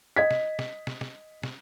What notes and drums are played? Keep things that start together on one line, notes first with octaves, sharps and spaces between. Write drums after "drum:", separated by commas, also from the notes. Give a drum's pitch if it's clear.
D#5 G#6 B6
drum: snare
drum: snare
drum: snare
drum: snare
drum: snare